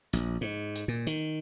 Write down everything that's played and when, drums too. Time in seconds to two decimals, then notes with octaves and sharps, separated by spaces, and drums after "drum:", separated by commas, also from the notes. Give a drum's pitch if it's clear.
0.13 A#1, drum: hi-hat
0.41 G#2
0.76 drum: hi-hat
0.88 A#2
1.07 D#3, drum: hi-hat